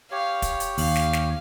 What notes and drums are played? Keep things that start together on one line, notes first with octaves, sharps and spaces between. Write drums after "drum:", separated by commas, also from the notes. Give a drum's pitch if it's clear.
G4 C#5 F5
drum: kick, hi-hat
drum: hi-hat
D#2 F5, drum: open hi-hat
drum: snare
drum: snare